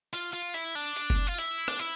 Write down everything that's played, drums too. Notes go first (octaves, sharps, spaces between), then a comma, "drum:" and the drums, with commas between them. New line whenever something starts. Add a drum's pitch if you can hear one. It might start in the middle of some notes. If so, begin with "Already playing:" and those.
F4, drum: hi-hat
F4
E4, drum: hi-hat
D4
drum: hi-hat
drum: kick F#1, hi-hat
F4
E4, drum: hi-hat
D4, drum: rim click
E4, drum: hi-hat